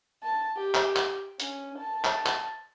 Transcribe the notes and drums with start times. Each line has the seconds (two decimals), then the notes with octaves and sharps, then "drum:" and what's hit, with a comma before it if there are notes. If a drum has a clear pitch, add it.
0.23 A5
0.57 G4
0.75 drum: clap
0.96 drum: clap
1.40 C#4, drum: hi-hat
1.79 A5
2.05 drum: clap
2.26 drum: clap